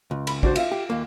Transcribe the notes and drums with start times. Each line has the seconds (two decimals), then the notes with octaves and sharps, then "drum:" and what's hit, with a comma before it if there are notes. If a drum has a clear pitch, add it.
0.11 C#2
0.27 B5, drum: cymbal
0.43 D4 F#4 C5, drum: kick
0.56 F4 E5 F5, drum: cymbal
0.72 G4
0.90 D#2 A#3